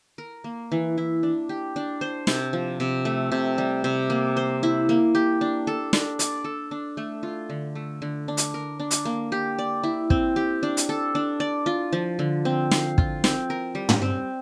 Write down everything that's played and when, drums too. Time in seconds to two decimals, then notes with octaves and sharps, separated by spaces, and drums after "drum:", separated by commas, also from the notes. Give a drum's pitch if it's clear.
0.18 A#4
0.44 A#3
0.72 E3
0.98 E4
1.23 D4
1.49 G4
1.76 D4
2.01 C5
2.27 C3, drum: snare
2.53 F3
2.80 C3
3.05 A3
3.32 C3
3.58 G3
3.84 C3
4.10 A#3
4.36 C5
4.63 E4
4.89 A#3
5.15 G4
5.41 D4
5.67 A4
5.93 D4, drum: snare
6.19 D5, drum: hi-hat
6.44 A4
6.71 D4
6.97 A3
7.23 F4
7.50 D3
7.75 A3
8.02 D3
8.28 D4
8.37 drum: hi-hat
8.54 A#4
8.80 D4
8.91 drum: hi-hat
9.05 A#3
9.32 G4
9.59 D5
9.83 E4
10.10 C4, drum: kick
10.36 G4
10.63 D4
10.77 drum: hi-hat
10.89 A4
11.15 D4
11.40 D5
11.66 F4
11.93 F3
12.19 D3
12.45 C4
12.71 F5, drum: snare
12.98 F4, drum: kick
13.24 C4, drum: snare
13.50 A#4
13.75 G3
13.89 drum: tom
14.02 C4